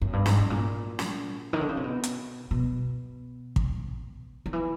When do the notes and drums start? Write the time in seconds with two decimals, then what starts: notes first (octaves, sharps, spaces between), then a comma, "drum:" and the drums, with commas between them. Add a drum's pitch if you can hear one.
0.02 F#2
0.13 G2
0.26 G#2, drum: snare
0.38 A2
0.50 A#2
0.99 drum: snare
1.53 D#3
1.61 D3
1.69 C#3
1.77 C3
1.84 B2
2.04 drum: hi-hat
2.51 B2
3.56 drum: kick
4.46 D#3
4.53 E3